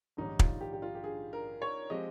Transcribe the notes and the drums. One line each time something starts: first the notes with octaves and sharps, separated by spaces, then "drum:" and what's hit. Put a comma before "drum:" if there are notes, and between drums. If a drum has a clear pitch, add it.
A#1 G#2 D#3 G3 C#4 D#4
F4, drum: kick
G4
G4
F4
G4
G#4
A#4
C#5
F3 G#3 C4 G4 D#5